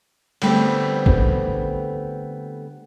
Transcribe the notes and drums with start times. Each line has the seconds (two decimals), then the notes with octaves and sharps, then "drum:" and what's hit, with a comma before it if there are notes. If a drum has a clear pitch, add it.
0.42 D3 G3 A3 B3 C4, drum: cymbal
1.06 drum: kick